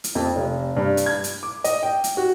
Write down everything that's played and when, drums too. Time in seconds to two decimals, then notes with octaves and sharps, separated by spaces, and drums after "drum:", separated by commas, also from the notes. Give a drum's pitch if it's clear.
0.04 drum: hi-hat
0.15 F2
0.36 F1
0.76 G2
0.97 drum: hi-hat
1.06 G#6
1.24 drum: hi-hat
1.43 D6
1.64 D#5, drum: hi-hat
1.83 G5
2.04 drum: hi-hat
2.17 F#4